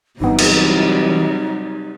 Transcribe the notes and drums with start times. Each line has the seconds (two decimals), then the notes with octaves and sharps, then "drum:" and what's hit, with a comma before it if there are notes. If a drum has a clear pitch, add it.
0.20 G1 G2 C3 E3 F#3 G3 B3 D#4
0.39 drum: cymbal